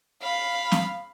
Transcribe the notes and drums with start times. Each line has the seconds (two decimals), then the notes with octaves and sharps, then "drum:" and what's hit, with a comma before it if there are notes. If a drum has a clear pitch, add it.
0.21 F5 B5
0.72 drum: snare C4